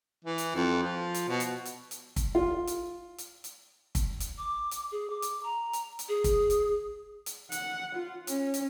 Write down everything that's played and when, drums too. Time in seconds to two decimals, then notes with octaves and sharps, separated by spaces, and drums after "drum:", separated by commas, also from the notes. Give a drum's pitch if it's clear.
0.24 E3
0.38 drum: hi-hat
0.55 F2
0.83 F3
1.14 drum: hi-hat
1.28 B2
1.40 drum: hi-hat
1.65 drum: hi-hat
1.91 drum: hi-hat
2.16 drum: kick, hi-hat
2.35 F4
2.67 drum: hi-hat
3.18 drum: hi-hat
3.44 drum: hi-hat
3.95 drum: kick, hi-hat
4.20 drum: hi-hat
4.38 D6
4.71 drum: hi-hat
4.92 G#4
5.10 D6
5.22 drum: hi-hat
5.43 A#5
5.73 drum: hi-hat
5.99 drum: hi-hat
6.09 G#4
6.24 drum: kick, hi-hat
6.50 drum: hi-hat
7.26 drum: hi-hat
7.52 F#5, drum: hi-hat
7.95 F4
8.27 C#4, drum: hi-hat
8.54 drum: hi-hat